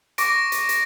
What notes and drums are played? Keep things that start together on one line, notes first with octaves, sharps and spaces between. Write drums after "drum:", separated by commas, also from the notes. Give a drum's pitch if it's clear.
C#6 D6 A#6 D7, drum: hi-hat
drum: hi-hat
drum: hi-hat